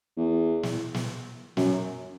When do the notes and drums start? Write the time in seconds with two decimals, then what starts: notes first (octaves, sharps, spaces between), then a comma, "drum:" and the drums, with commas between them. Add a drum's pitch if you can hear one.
0.17 E2
0.63 drum: snare
0.94 drum: snare
1.57 F#2, drum: snare